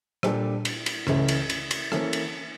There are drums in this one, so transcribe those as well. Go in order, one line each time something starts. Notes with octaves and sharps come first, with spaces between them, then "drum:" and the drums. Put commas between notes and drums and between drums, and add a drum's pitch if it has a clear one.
A#2 G3 D4 A4, drum: rim click
drum: cymbal
drum: cymbal
C#2 C#3 E3 A3 C#4, drum: rim click
drum: cymbal
drum: cymbal
drum: cymbal
E3 A#3 C#4 E4 A4, drum: rim click
drum: cymbal